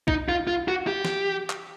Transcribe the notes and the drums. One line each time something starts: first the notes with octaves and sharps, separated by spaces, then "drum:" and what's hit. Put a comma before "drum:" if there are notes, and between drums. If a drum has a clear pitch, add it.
D#4, drum: kick
F4
F4
F#4
G4
drum: snare
drum: clap